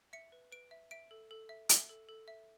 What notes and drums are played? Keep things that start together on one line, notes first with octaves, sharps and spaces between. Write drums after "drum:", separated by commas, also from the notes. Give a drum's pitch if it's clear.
E5 C#7
B4
B4 D7
E5
E5 D7
A4
A4
E5
E5, drum: hi-hat
A4
A4
E5